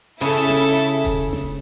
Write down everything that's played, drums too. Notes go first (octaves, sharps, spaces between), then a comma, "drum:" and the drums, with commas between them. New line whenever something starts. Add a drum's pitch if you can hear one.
C#3 E4 A4 E5, drum: hi-hat
drum: snare
drum: hi-hat
drum: kick E1, hi-hat
drum: snare